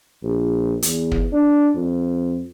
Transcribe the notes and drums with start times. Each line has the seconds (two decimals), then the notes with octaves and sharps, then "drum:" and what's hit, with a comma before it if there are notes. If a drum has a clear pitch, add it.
0.23 A#1
0.82 E2, drum: hi-hat
1.12 drum: kick
1.33 D4
1.75 F2